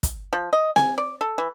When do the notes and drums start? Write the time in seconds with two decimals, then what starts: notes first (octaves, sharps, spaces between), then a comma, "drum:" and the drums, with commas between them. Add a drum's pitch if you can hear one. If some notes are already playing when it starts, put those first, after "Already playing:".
0.03 drum: kick, hi-hat
0.33 F3
0.53 D#5
0.76 G#5, drum: snare C4
0.98 D5
1.21 A4
1.38 E3